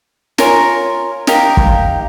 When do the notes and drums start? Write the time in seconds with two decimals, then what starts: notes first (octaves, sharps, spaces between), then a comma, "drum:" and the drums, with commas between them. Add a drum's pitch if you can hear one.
0.38 F4 A#4 C#5 G#5, drum: snare
1.27 D#4 G4 A#4 F5, drum: snare
1.57 drum: kick